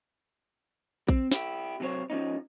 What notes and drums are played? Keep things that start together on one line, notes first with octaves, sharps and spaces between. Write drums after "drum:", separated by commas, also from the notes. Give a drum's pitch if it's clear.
C4, drum: kick A#1
E4 G4, drum: snare
C3 F#3 A4 C5 C#5
F3 C#4 D#4